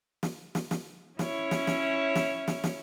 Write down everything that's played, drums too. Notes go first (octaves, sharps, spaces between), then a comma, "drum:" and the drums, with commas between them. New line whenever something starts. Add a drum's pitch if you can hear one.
drum: snare
drum: snare
drum: snare
C#4 E4 C#5, drum: snare
drum: snare
drum: snare
drum: snare
drum: snare
drum: snare